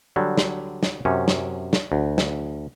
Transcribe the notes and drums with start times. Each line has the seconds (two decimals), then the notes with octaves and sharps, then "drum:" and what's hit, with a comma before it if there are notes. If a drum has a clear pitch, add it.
0.16 D3 F#3 G3
0.38 drum: snare
0.83 drum: snare
1.05 F#2 C3 C#4
1.28 drum: snare
1.73 drum: snare
1.92 D2
2.18 drum: snare